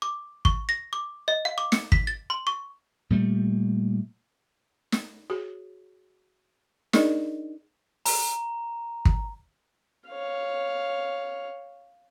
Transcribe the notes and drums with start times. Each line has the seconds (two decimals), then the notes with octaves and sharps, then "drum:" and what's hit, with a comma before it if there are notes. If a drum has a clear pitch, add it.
0.02 D6
0.45 C#6, drum: kick
0.69 A#6
0.93 D6
1.28 D#5
1.45 F5
1.58 D6
1.72 C#7, drum: snare
1.92 B6, drum: kick
2.07 A6
2.30 C6
2.47 C#6
3.10 A#2 G3 A3
4.92 drum: snare
5.30 F#4 G#4 C#5
6.93 D4 D#4 G#4 A#4 D5 D#5, drum: snare
8.06 A#5, drum: open hi-hat
9.05 drum: kick
10.08 C#5 F5